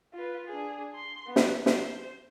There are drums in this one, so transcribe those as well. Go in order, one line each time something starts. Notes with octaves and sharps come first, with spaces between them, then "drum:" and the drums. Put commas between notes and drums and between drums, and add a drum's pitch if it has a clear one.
F4 B4
D4 G#4
C6
B3
drum: snare
C5, drum: snare